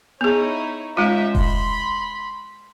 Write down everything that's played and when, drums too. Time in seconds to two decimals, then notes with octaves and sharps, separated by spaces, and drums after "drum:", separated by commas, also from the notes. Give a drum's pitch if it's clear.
0.21 B3 D#4 E4 G#4 C#5
0.97 G#3 C#4 D#4 F4 E5
1.35 B5 C6, drum: kick E1